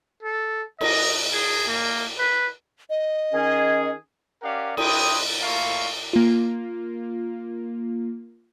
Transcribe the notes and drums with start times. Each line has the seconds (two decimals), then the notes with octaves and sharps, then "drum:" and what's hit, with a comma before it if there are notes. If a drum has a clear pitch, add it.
0.23 A4
0.81 D#5, drum: cymbal
1.33 G#4
1.68 A#3
2.19 B4
2.90 D#5
3.33 D#3 C#4 G#4
4.42 C#4 G4 A#4 D5 F5 F#5
4.77 D4 E4 G5 C6 D#6, drum: cymbal
5.41 A3 A#3 E4 F4 F5 C#6
6.13 A#3 F4